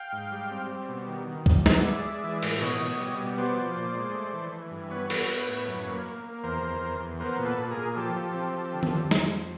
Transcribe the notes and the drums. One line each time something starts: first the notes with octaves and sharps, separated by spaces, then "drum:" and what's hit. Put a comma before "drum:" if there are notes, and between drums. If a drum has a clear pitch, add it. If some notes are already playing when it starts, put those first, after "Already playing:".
Already playing: F5 G5
G#2
G3
C4
G3
B2
D#3
D#3
G2, drum: kick
B3, drum: snare
G#3 D5 E5
G#3
E3
A2, drum: cymbal
B2 C#5 D#5
B2
G3
B2
B3 C5 D5
F3
A#2
G#3
A3
E3
E3
G2
B3 B4 C#5
B3, drum: cymbal
B3
A2
F#2
A#3
A#3
A#3
E2 A#4 C5
E2
E2
E2
B3 A#4 C5
A#2
A4 B4
A#2
G#4 A#4
A#2
F3 G4 A4
F3
C4
F3
D3
drum: tom D#3
F2
F2, drum: snare
F2